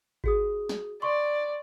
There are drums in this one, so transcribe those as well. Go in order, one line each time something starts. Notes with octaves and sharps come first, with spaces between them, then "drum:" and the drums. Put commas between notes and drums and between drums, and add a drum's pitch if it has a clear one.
F#4 G#4 D#6, drum: kick G#1
drum: snare
D5 C6 C#6